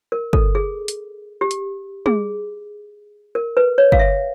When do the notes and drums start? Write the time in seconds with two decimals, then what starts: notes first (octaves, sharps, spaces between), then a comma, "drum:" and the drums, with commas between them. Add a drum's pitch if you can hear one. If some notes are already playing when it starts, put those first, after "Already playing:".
0.12 A#4
0.33 A4, drum: kick
0.55 G#4
0.88 drum: hi-hat
1.41 G4
1.51 drum: hi-hat
2.06 G#4, drum: tom
3.35 A#4
3.57 B4
3.78 C#5
3.92 F5, drum: kick
3.99 E5